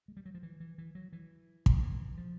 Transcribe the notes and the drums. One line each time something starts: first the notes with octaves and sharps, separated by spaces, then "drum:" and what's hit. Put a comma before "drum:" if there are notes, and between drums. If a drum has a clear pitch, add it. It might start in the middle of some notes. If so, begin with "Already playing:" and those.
G#3
G3
F#3
F3
E3
E3
E3
F#3
E3
drum: kick
E3
F3